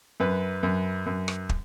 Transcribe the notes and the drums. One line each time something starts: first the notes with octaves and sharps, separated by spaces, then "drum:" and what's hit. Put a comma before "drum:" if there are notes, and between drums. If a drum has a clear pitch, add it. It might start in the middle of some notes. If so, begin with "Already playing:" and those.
F#2 B4
F#2
F#2
drum: rim click
drum: kick